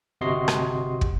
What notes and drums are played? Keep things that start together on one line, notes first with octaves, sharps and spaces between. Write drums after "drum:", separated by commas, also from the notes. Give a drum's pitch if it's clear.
G1 C3 F#4 D#5 C6 C7
drum: rim click
drum: kick